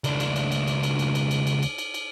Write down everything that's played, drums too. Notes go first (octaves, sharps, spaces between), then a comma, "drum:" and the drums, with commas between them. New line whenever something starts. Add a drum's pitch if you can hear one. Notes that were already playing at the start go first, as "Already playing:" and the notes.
C#2 D4, drum: cymbal
drum: cymbal
drum: cymbal
drum: cymbal
drum: cymbal
drum: cymbal
drum: cymbal
drum: cymbal
drum: cymbal
drum: cymbal
drum: cymbal
drum: cymbal
drum: cymbal